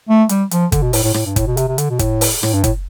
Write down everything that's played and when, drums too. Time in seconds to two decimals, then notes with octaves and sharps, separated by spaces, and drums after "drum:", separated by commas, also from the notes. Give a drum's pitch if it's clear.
0.09 A3
0.29 G3, drum: hi-hat
0.51 F3, drum: hi-hat
0.72 D3, drum: kick, hi-hat
0.83 B2
0.93 A2, drum: open hi-hat
1.04 A2
1.14 A2, drum: rim click
1.26 G2
1.36 A2, drum: kick, hi-hat
1.47 B2
1.57 C3, drum: hi-hat
1.68 C3
1.78 D3, drum: hi-hat
1.90 B2
1.99 A2, drum: kick, hi-hat
2.21 drum: open hi-hat
2.43 A2, drum: rim click
2.53 G2
2.64 A2, drum: kick, hi-hat